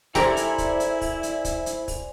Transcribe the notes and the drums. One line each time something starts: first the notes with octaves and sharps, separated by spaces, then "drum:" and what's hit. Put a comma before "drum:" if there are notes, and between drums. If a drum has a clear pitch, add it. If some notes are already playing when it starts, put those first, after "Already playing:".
E4 G4 A4 A#4 C5 D5 G#5 A#5, drum: kick, open hi-hat
drum: hi-hat
drum: kick, hi-hat
drum: hi-hat
drum: kick, open hi-hat
drum: hi-hat
drum: kick, hi-hat
drum: hi-hat
drum: kick, open hi-hat